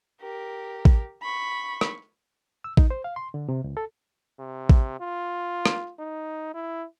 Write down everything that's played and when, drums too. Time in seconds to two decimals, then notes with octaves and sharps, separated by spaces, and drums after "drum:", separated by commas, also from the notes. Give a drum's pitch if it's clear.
0.21 G4 A#4
0.85 drum: kick A1
1.22 B5 C#6
1.81 drum: rim click
2.64 E6
2.77 D#4, drum: kick A1
2.90 C5
3.04 F5
3.16 C6
3.34 D3
3.49 C3
3.64 C#2
3.77 A4
4.40 C3
4.69 drum: kick A1
5.00 F4
5.66 drum: rim click
5.99 D#4
6.54 E4